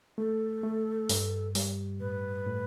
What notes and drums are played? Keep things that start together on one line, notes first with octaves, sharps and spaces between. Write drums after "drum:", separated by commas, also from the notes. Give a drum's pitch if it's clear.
A3 A4
A3
G2, drum: open hi-hat
G3, drum: open hi-hat
A2 B4
A2